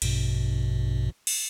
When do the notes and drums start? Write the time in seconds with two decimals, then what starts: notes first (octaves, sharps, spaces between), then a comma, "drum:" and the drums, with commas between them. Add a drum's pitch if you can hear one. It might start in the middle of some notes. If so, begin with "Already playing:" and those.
0.02 A#1 G2 B2, drum: cymbal
1.27 drum: cymbal